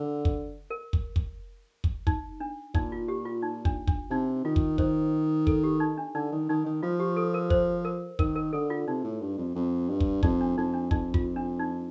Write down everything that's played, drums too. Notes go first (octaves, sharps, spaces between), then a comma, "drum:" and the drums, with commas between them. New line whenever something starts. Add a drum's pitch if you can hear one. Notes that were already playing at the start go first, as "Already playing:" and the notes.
Already playing: D3
drum: kick
A#4
drum: kick
drum: kick
drum: kick
D#4, drum: kick
D4
A#2 D#4, drum: kick
F4
G4
F4
D#4
D4, drum: kick
D4, drum: kick
C3 D#4
D#3 F4
drum: kick
D#3 C5, drum: kick
A4, drum: kick
G4
D#4
D4
D3 D#4
D#3
D#3 D#4
D#3
F3 F4
G4
A4
A#4
C5, drum: kick
A#4
D#3 A#4, drum: kick
A#4
D3 A4
F4
C3 D#4
A2
G2
F2
F2
G2
drum: kick
F2 D#4, drum: kick
D4
F2 D#4
D4
F2 D#4, drum: kick
F4, drum: kick
D4
D#4